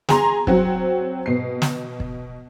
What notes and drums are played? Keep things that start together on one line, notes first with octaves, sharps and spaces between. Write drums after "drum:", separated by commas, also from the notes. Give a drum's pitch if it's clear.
G#4 A#5 C6, drum: snare
F#3 C4 F#4, drum: kick
B2 C7
drum: snare
drum: kick